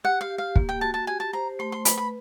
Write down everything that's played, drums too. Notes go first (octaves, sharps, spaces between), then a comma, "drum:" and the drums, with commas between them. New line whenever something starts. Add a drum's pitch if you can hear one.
G4 F#5
F5
G4
F5
A#3, drum: kick
G5
F#4 A5
A5
G4 G#5
A5
C5 A#5
A3 C6
C6
B4 B5, drum: hi-hat
B5